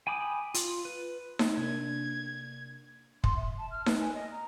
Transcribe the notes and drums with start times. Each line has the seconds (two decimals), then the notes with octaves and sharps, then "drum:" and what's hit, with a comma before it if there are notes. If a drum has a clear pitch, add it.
0.07 G5 G#5 B5 D6 D#6
0.54 F4, drum: hi-hat
0.85 B4
1.39 drum: snare D#4
1.57 C3 A#3 D4 G#6
3.24 C6, drum: kick
3.36 E5
3.58 A5
3.71 F6
3.86 B4, drum: snare D#4
4.00 G#5
4.14 D#5
4.32 A#5